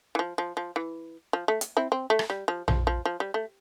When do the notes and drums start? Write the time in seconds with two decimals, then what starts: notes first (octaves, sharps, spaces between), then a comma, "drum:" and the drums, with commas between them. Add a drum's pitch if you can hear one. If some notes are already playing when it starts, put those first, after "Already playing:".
0.15 E3
0.19 F3
0.38 F3
0.57 F3
0.76 E3
1.33 F3
1.48 A3
1.61 drum: hi-hat
1.77 C4 E4
1.92 C4
2.10 A3
2.19 drum: rim click
2.30 G3
2.48 F3
2.68 F3, drum: tom A#1
2.87 F3
3.05 F3
3.20 G3
3.34 A3